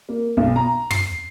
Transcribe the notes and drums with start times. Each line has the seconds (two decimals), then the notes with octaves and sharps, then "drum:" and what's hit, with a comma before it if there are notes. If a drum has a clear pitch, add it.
0.09 A#3
0.37 B1
0.56 A#5
0.91 C7, drum: tom